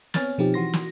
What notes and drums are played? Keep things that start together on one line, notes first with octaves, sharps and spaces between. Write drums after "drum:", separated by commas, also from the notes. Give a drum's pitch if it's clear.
B3 C4 C#5 G#5 F6 A6, drum: snare
B2 F3 C4 D#4 G4
E3 F#4 C6 A#6
drum: snare